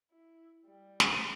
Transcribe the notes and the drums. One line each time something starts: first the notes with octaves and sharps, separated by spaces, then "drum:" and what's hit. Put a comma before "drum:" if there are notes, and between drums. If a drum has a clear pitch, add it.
E4
G3
drum: snare